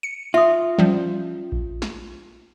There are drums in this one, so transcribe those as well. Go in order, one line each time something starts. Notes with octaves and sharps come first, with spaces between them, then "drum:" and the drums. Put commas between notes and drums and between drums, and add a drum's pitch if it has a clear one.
C#7
F4 E5 D#6
F3 G3 C#4
drum: kick A#1
drum: snare